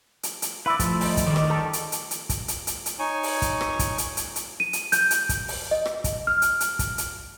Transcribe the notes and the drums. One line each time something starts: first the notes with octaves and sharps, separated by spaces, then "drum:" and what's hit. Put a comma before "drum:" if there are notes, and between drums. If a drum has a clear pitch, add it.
drum: hi-hat
drum: hi-hat
E4 B4 D5
F3 A3 E4 A5, drum: kick, hi-hat
G3 D#4 D5, drum: open hi-hat
drum: kick, hi-hat
D#3 G3 G#3 D5
drum: rim click
G4 A4
drum: hi-hat
drum: hi-hat
drum: hi-hat
drum: kick, hi-hat
drum: hi-hat
drum: hi-hat
drum: hi-hat
D#4 C#5 G#5
drum: open hi-hat
drum: kick, hi-hat
drum: rim click
drum: kick, hi-hat
drum: hi-hat
drum: hi-hat
drum: hi-hat
D#7
drum: hi-hat
G6, drum: hi-hat
drum: hi-hat
drum: kick, hi-hat
drum: open hi-hat
D#5
drum: rim click
drum: kick, hi-hat
F6
drum: hi-hat
drum: hi-hat
drum: kick, hi-hat
drum: hi-hat